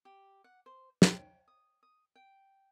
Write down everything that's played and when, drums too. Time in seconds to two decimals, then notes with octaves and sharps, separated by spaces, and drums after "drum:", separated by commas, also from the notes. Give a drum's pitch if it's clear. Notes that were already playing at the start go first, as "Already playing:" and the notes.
0.05 G4
0.44 F#5
0.66 C5
1.02 G5, drum: snare
1.48 D#6
1.83 D#6
2.16 G5